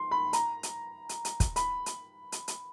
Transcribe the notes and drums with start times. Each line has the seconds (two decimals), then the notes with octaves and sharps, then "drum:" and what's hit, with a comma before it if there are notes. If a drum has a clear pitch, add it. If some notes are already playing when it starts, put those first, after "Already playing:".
Already playing: C6
0.11 B5
0.33 A#5, drum: hi-hat
0.63 drum: hi-hat
1.09 drum: hi-hat
1.25 drum: hi-hat
1.40 drum: kick, hi-hat
1.56 B5, drum: hi-hat
1.86 drum: hi-hat
2.32 drum: hi-hat
2.48 drum: hi-hat